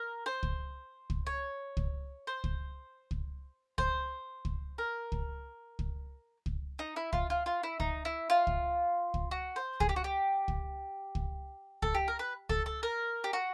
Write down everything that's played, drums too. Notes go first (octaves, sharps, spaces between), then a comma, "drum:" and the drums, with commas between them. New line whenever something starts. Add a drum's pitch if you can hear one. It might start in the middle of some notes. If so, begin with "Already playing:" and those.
Already playing: A#4
C5
drum: kick
drum: kick
C#5
drum: kick
C5
drum: kick
drum: kick
C5, drum: kick
drum: kick
A#4
drum: kick
drum: kick
drum: kick
D#4
E4
F4, drum: kick
F4
F4
E4
D#4, drum: kick
E4
F4
drum: kick
drum: kick
F#4
C5
G#4, drum: kick
G4
F#4
G4
drum: kick
drum: kick
A4, drum: kick
G4
A#4
B4
A4, drum: kick
A4
A#4
G4
F#4